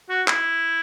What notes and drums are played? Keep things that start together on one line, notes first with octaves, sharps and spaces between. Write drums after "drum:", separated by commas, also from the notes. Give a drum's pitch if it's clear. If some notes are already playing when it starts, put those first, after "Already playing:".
F#4
E4, drum: clap